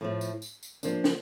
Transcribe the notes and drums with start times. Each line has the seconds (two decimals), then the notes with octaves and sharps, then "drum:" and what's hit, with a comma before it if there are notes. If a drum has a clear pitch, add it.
0.01 A2 F3 A3
0.21 drum: tambourine
0.42 drum: tambourine
0.63 drum: tambourine
0.83 F3 A#3 D4, drum: tambourine
1.04 drum: snare